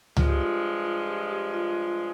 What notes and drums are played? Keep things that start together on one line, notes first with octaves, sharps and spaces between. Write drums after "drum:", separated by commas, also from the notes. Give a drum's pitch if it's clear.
G2 F3 G#3 F4, drum: tom C#2
G4
F4
F4
G4
G4
F4
F4
F4